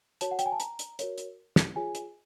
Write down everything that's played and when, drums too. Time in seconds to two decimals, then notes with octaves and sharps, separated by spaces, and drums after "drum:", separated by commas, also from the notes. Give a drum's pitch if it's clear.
0.21 F#4 A#4 C#5 A5, drum: hi-hat
0.31 F#5
0.39 G5, drum: hi-hat
0.46 G#5
0.52 A5
0.60 A#5, drum: hi-hat
0.79 drum: hi-hat
0.99 F#4 A#4 C#5, drum: hi-hat
1.18 drum: hi-hat
1.56 drum: snare
1.76 F4 G#4 C#5 G#5
1.95 drum: hi-hat